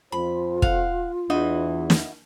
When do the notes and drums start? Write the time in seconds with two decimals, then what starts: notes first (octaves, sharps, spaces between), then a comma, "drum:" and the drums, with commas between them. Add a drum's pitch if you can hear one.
0.12 F2 F4 C5 B5
0.62 F5 F#5, drum: kick
1.30 E2 D4 E4 F#4 D#5
1.90 drum: snare